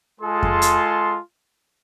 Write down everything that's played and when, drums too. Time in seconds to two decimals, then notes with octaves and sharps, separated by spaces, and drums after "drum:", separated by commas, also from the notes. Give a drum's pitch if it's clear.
0.21 G#3 F4 G#4 A4 C6
0.43 drum: kick F2
0.62 drum: hi-hat